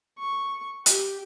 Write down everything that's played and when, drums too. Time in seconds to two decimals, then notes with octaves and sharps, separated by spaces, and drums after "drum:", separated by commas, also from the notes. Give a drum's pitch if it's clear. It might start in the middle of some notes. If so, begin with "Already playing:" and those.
0.19 C#6
0.86 G4, drum: hi-hat